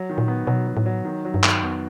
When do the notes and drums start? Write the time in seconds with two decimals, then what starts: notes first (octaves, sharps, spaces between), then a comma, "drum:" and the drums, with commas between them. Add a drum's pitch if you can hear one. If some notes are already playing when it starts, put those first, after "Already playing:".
Already playing: F#3
0.10 D#3
0.18 A#2
0.28 B3
0.47 B2 F#3
0.67 F#3
0.77 A2
0.86 F#3
1.05 D#3
1.25 F#3
1.34 G2
1.43 D#3, drum: clap
1.63 F2 B3